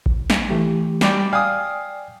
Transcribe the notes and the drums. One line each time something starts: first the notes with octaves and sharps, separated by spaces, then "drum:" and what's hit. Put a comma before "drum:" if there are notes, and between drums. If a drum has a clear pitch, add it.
drum: kick A1
drum: snare
E3 A3 G4
G3 D5 G5, drum: snare
D5 F5 G5 G#5 D#6